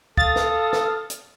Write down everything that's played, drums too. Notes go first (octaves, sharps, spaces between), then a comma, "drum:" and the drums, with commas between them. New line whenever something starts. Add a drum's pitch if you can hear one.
A4 F5 D#6 A6, drum: kick D2
drum: snare
drum: snare
drum: hi-hat